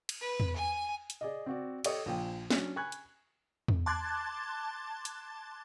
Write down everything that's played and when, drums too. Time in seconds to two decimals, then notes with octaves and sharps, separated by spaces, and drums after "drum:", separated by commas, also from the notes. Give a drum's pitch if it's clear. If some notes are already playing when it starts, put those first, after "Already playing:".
0.09 drum: cymbal
0.21 B4
0.40 drum: tom E2
0.57 G#5
1.10 drum: hi-hat
1.21 G#4 D5 D#5
1.46 C4 F#4 D5
1.84 G4 A4 C#5 D#5 D#6, drum: cymbal
2.06 A#1 F3 G5
2.50 F#3 C#4 D4, drum: snare
2.76 G#5 B5 C#6 F#6 G#6
2.92 drum: hi-hat
3.68 drum: tom E2
3.86 A5 C6 D6 F#6 G#6 A6
5.05 drum: hi-hat